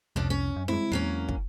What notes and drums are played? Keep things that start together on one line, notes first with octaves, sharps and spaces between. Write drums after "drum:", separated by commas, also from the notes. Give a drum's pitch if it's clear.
C2 F2 B2 C#4 D4
C#4
F#2
G#3 C4 E4, drum: tom
E2 F#3 A#3 C#4
drum: kick